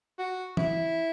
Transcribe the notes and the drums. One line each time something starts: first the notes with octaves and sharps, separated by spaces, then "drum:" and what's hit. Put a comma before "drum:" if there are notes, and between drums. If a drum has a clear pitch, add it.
F#4
E4, drum: tom